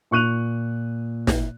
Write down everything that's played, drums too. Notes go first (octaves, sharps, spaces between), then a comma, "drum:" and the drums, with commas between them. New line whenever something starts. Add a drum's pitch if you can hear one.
A#2 C#6 F#6 D#7 F7
drum: snare